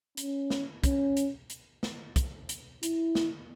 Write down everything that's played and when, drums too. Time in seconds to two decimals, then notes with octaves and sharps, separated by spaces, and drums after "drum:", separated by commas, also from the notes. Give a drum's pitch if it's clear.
0.17 C#4, drum: hi-hat
0.50 drum: snare
0.84 C#4, drum: kick, hi-hat
1.17 drum: hi-hat
1.50 drum: hi-hat
1.83 drum: snare
2.16 drum: kick, hi-hat
2.49 drum: hi-hat
2.83 E4, drum: hi-hat
3.15 drum: snare